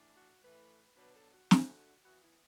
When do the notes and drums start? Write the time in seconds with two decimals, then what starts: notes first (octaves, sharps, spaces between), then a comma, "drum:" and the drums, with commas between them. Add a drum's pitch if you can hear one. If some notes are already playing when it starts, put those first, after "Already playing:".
Already playing: A2 E3 D4
0.16 F#4
0.43 A2 E3 A3 B4
0.96 B2 F#3 D4 B4
1.15 A4
1.32 F#4
1.51 D3 A3 D4, drum: snare
2.04 E3 B3 E4 F#4
2.22 E4